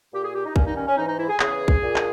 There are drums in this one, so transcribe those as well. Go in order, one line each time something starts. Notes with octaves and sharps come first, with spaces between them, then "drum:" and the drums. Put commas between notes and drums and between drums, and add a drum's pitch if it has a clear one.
A#2 G4
G#4
G4
D#4
G2 D#3 C#4, drum: kick
D#4
C#4
C#4
G#2 E3 D#4
D#4
E4
G#4
E2 C#3 E3 G#4, drum: clap
drum: kick
A#2
drum: clap